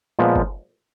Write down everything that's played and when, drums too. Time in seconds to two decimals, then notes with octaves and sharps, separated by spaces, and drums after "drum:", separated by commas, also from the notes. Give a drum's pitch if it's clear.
0.19 A#2 F3 G#3 B3
0.35 drum: kick F#1